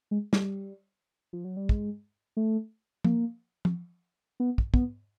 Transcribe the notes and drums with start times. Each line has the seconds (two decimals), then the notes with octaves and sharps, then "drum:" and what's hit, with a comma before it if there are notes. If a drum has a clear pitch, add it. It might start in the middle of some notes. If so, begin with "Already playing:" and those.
0.11 G#3
0.33 G3, drum: snare
1.33 F3
1.45 F#3
1.57 G3
1.69 G#3, drum: kick
2.37 A3
3.04 A#3, drum: tom
3.65 drum: tom
4.40 B3
4.58 drum: kick
4.74 B3, drum: kick